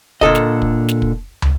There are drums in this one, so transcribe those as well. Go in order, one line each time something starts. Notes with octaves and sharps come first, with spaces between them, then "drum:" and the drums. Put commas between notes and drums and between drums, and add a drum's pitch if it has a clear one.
A#2 D3 A4 D#5, drum: kick
drum: snare
drum: kick
drum: snare
drum: kick
drum: tom